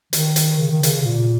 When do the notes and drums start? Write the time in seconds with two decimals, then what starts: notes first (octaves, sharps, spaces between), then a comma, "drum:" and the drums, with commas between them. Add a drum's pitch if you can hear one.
0.13 D#3, drum: hi-hat
0.36 drum: hi-hat
0.59 C#3
0.71 D#3
0.83 C#3, drum: hi-hat
1.01 C#3
1.05 A#2